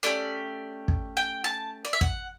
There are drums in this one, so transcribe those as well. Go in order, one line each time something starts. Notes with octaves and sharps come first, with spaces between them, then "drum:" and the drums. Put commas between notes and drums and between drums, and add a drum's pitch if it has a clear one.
A3 C#4 G4 D5
drum: kick
G5
A5
D5
E5
F#5, drum: kick